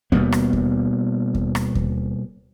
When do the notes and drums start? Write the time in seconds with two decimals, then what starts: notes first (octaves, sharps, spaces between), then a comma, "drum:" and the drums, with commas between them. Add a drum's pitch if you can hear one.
0.12 B2 G3 A#3 B3, drum: kick D#2
0.32 drum: rim click
0.53 drum: kick D#2
1.34 drum: kick D#2
1.55 drum: rim click
1.75 drum: kick D#2